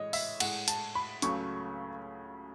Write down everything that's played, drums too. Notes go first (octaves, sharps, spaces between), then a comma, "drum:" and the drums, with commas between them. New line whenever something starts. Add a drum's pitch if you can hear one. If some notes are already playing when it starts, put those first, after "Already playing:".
Already playing: A2 E3 G#3 C#5 D#5
E5, drum: open hi-hat
A2 G#3 F#5, drum: cymbal
A5, drum: hi-hat
B5
C#2 C#3 F#3 A3 C#6, drum: hi-hat